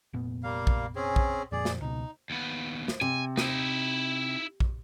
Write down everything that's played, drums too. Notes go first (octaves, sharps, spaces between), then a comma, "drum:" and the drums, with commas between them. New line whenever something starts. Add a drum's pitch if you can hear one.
F1 A#2 B3
G3 A#3 F5
drum: kick A#1
C4 C#4 G#4
drum: kick A#1
F2 A#2 G#4 D5
drum: snare
C#2 B2 D#4
D#2 B3
drum: snare
C3 G#5
D#4 E4, drum: snare
drum: kick A#1